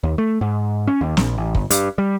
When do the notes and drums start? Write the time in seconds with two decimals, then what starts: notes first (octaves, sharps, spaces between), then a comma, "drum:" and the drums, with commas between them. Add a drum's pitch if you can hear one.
0.03 D#2
0.18 A3
0.41 G#2
0.87 C#4
1.01 D#2
1.17 A#1, drum: snare
1.38 A1
1.55 G1, drum: kick
1.70 G2, drum: hi-hat
1.98 G3